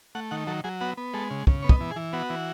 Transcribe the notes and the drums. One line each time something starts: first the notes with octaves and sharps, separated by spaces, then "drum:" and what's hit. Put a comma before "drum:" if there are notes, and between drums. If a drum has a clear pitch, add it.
A3 F#5
D#3 F#5
F#3 A4
F#3 G#4
B3 F#4
B3
G#3 A4
C#3
C#3, drum: kick
B3 C#5
D#5, drum: kick
E3
G#4
E3
B3 F#4
E3